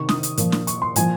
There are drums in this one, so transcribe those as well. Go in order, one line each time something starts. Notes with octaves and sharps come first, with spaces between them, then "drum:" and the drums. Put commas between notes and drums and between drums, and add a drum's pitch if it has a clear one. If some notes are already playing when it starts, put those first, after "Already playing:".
Already playing: C3 D#3 C#6
D#6, drum: snare
drum: hi-hat
A#2 F3, drum: hi-hat
drum: snare
C#6, drum: hi-hat
C6
A#2 F3 G#5, drum: hi-hat